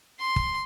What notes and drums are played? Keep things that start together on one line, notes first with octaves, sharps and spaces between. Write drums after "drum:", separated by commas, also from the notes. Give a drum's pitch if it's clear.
C6
drum: kick